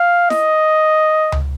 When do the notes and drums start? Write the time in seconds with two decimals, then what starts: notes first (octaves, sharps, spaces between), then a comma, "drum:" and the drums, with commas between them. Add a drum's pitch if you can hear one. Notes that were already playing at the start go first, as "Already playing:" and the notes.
Already playing: F5
0.30 D#5, drum: snare E4
1.32 drum: tom C#2